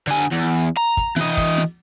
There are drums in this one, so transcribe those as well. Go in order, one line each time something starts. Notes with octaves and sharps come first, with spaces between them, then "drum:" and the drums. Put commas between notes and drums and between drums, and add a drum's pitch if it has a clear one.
D3 G#5
E2
A#5
drum: kick, hi-hat
E3 D#5, drum: snare
drum: kick, hi-hat
drum: snare